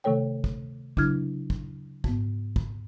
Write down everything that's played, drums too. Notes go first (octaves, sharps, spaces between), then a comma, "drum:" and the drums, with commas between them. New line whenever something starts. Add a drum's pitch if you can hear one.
C3 D#3 A3 A4 C#5 G5
drum: kick
C#3 F#3 D4 E4 F6 G#6, drum: kick
drum: kick
G#2 B3, drum: kick
drum: kick